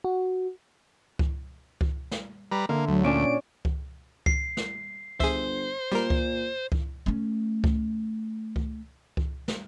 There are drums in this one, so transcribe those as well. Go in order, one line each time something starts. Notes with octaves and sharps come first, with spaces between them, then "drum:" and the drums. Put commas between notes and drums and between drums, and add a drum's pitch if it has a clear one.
F#4
drum: kick C#2
drum: kick C#2
drum: snare
G3 B4 A#5
D3 A#3 E5
D2 F#3
A#2 C#4 D4 D7
drum: kick C#2
C7, drum: kick C#2
drum: snare
G1 G#4 C5 E5, drum: kick C#2
A#2 G3 A#4
drum: kick C#2
drum: kick C#2
A3 C#4
drum: kick C#2
drum: kick C#2
drum: kick C#2
drum: snare